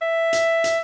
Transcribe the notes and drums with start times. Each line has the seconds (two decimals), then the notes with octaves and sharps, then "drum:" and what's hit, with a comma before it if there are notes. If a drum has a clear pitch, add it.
0.01 E5
0.33 drum: hi-hat
0.64 drum: hi-hat